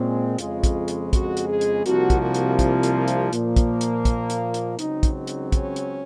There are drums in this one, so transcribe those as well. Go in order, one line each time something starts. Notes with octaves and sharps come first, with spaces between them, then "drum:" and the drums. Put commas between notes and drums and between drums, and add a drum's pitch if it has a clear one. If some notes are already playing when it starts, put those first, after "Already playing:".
Already playing: A#2 G#3 C4 C#4
F2 C#3 G#3 F4, drum: hi-hat
drum: kick, hi-hat
drum: hi-hat
F#4, drum: kick, hi-hat
drum: hi-hat
G#4
drum: hi-hat
C2 C3 F3 A#3 F#4, drum: hi-hat
drum: kick, hi-hat
F#4
drum: hi-hat
F4, drum: kick, hi-hat
drum: hi-hat
drum: hi-hat
A#2 F3 A#3, drum: hi-hat
drum: kick, hi-hat
drum: hi-hat
drum: kick, hi-hat
drum: hi-hat
drum: hi-hat
C#2 C#3 F#3 C4 D#4, drum: hi-hat
drum: kick, hi-hat
D#4
drum: hi-hat
C#4, drum: kick, hi-hat
drum: hi-hat